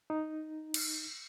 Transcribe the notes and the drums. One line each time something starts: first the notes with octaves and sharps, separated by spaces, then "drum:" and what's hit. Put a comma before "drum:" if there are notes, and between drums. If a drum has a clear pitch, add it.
D#4
drum: cymbal